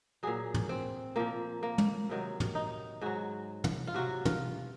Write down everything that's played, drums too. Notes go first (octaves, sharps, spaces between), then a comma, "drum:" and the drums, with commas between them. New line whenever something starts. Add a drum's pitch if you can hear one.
A#2 F#3 G#4
drum: tom
C4
A#2 F3 A#3
A#3
drum: tom
C3 D#3 F#3
drum: tom
D#4
G#2 F#3 F#4
drum: tom
F4
C3 F#3 F#4
F4, drum: tom